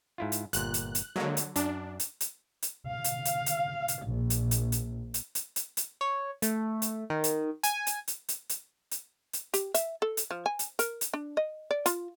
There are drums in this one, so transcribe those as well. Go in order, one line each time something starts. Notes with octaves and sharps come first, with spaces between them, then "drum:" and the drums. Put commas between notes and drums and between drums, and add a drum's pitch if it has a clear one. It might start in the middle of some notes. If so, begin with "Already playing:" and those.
G#2 E4 F4
drum: hi-hat
G1 A#2 F#6, drum: hi-hat
drum: hi-hat
drum: hi-hat
D3 F#3 G#3 A#3 C#5
drum: hi-hat
F#2 D4, drum: hi-hat
drum: hi-hat
drum: hi-hat
drum: hi-hat
F5
drum: hi-hat
drum: hi-hat
drum: hi-hat
drum: hi-hat
A#1
drum: hi-hat
drum: hi-hat
drum: hi-hat
drum: hi-hat
drum: hi-hat
drum: hi-hat
drum: hi-hat
C#5
A3, drum: hi-hat
drum: hi-hat
D#3
drum: hi-hat
G#5, drum: hi-hat
drum: hi-hat
drum: hi-hat
drum: hi-hat
drum: hi-hat
drum: hi-hat
drum: hi-hat
G4, drum: hi-hat
E5, drum: hi-hat
A4
drum: hi-hat
F3
G#5
drum: hi-hat
A#4, drum: hi-hat
drum: hi-hat
D4
D#5
D5
F4, drum: hi-hat